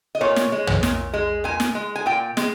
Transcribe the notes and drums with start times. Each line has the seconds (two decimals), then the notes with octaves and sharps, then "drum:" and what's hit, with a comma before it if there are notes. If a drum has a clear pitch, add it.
0.15 D#5
0.21 A#2 C#5
0.36 drum: snare
0.52 G#3
0.67 drum: tom
0.83 A#2, drum: snare
1.13 G#3
1.44 A#2 G#5
1.60 drum: snare
1.75 G#3
1.96 G#5
2.06 A#2 G5
2.37 G#3, drum: snare